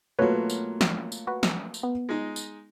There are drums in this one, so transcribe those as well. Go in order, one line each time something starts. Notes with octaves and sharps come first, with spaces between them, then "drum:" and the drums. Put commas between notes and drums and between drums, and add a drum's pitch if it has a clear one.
B2 F#3 A3 A#3 F4 B4 C#5
drum: tambourine
drum: snare
drum: tambourine
F#4 B4
drum: snare
drum: tambourine
B3
G#3 D#4
drum: tambourine